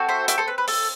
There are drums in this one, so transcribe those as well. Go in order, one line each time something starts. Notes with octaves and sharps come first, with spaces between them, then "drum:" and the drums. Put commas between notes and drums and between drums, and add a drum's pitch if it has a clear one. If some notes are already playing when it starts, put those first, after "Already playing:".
Already playing: C4 F#4 A4
C5 E5
E5 G5, drum: hi-hat
A4 C5
B4
B4
A4, drum: open hi-hat